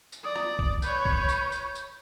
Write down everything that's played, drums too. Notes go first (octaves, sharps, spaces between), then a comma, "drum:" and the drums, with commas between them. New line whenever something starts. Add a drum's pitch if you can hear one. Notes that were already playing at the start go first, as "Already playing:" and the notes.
drum: tambourine
D5 D#6
drum: rim click
drum: kick
B4 C#5 G6, drum: tambourine
drum: kick
drum: tambourine
drum: tambourine
drum: tambourine